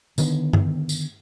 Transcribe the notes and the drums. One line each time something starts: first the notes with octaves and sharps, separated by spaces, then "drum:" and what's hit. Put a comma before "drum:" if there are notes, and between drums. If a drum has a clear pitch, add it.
D3 D#3 B3 D4, drum: tambourine
drum: tom G2
drum: tambourine